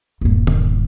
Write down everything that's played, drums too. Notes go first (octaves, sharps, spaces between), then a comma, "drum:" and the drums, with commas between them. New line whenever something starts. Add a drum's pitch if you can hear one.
D#1 G2
drum: tom D3